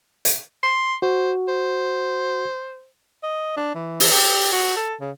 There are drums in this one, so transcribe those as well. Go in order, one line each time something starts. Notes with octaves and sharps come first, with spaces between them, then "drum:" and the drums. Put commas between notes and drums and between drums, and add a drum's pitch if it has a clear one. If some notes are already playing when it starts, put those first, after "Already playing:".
drum: hi-hat
C6
F#4 C5
C5
D#5
D4
E3
drum: open hi-hat
G4
F#4
A4
C#3